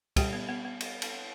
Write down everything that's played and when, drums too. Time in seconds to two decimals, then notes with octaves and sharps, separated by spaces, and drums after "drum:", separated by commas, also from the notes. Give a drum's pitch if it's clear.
0.16 G3 G4 G5, drum: kick, cymbal
0.33 B3
0.49 B3
0.65 B3
0.81 drum: cymbal
1.02 drum: cymbal